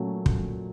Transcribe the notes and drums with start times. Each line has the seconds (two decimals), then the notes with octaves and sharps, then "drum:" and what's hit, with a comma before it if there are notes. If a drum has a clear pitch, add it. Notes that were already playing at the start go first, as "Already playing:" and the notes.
Already playing: A#2 F#3 A3 C#4
0.26 A#2, drum: kick